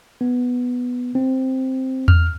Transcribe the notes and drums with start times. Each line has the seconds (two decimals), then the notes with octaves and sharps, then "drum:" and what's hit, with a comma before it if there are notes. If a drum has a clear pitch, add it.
0.21 B3
1.15 C4
2.08 F6, drum: tom E2